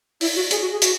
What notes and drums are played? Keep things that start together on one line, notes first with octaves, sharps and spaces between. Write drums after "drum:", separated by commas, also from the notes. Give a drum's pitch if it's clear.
E4, drum: open hi-hat
F#4
G#4, drum: hi-hat
F#4
G#4
F#4, drum: hi-hat